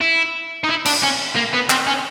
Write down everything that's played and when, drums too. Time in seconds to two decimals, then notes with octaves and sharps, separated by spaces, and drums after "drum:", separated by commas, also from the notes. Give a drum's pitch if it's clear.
0.01 E4
0.64 D#4
0.69 E4
0.85 D4, drum: cymbal
1.02 C#4
1.36 A#3
1.53 B3
1.70 C4, drum: clap
1.87 C#4